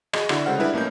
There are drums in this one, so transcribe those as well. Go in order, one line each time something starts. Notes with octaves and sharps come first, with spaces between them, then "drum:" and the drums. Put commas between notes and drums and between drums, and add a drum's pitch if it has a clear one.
F#4 G#4 D#5, drum: rim click
D3 E4 F#4 D5, drum: rim click
C#3 G#3 A4 C5 F#5 F6
G3 G#3 D4 E4 B4
B1 A3 A#3 C#4 D#4 G6